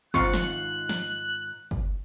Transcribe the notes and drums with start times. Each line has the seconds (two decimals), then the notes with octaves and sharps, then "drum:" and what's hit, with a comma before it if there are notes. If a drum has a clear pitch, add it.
0.14 G#2 D#3 C4 F4 C#6 F#6 C#7, drum: kick
0.34 drum: snare
0.89 drum: snare
1.71 drum: kick